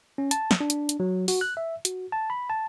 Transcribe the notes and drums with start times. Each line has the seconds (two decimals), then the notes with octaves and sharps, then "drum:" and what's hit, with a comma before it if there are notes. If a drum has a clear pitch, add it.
0.18 C#4
0.31 A5, drum: hi-hat
0.51 drum: snare
0.60 D4
0.70 drum: hi-hat
0.89 drum: hi-hat
1.00 F#3
1.28 F#4, drum: open hi-hat
1.41 F#6
1.57 E5
1.85 F#4, drum: hi-hat
2.12 A5
2.30 B5
2.50 A5